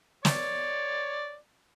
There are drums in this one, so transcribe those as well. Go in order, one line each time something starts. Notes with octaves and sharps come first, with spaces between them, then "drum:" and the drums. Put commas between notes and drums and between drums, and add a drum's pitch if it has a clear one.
C#5 D5, drum: snare